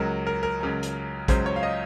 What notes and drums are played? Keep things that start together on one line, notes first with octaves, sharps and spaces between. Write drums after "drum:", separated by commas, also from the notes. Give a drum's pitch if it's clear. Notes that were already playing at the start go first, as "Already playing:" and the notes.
Already playing: C#2 C#3 F#3 A#4
A#4
A#4
C#2 C#3 F#3
drum: hi-hat
C#2 C#3 F#3 C5, drum: kick A#1, hi-hat
C#5
F5
D#5